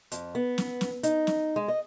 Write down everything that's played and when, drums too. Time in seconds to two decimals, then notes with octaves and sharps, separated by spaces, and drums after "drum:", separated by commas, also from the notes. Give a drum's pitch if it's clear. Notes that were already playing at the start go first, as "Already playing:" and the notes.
0.12 F2, drum: hi-hat
0.35 B3
0.58 drum: snare
0.81 drum: snare
1.03 D#4, drum: hi-hat
1.27 drum: snare
1.56 G#3
1.68 D#5